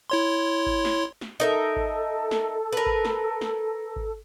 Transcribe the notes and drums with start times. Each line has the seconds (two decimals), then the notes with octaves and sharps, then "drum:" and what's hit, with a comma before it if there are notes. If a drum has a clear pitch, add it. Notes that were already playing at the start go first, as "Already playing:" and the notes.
0.10 E4 C#5 C6
0.66 drum: kick G#1
0.85 drum: snare
1.21 drum: snare
1.40 D#4 A4 A#4 E5
1.76 drum: kick G#1
2.31 drum: snare
2.73 A#4 B4
2.86 drum: kick G#1
3.05 drum: snare
3.41 drum: snare
3.96 drum: kick G#1